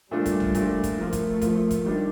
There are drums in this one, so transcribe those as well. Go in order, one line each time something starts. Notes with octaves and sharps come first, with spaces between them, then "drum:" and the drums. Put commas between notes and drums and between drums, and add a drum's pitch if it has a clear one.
A#2 G3 A3 D4 F4
drum: kick F1, hi-hat
drum: tom
A#2 A3 D4 F4, drum: kick F1, hi-hat
drum: kick F1, hi-hat
F3 A3 A#3 F4
drum: kick F1, hi-hat
F3 A#3 F4, drum: kick F1, hi-hat
drum: kick F1, hi-hat
D#3 G3 D4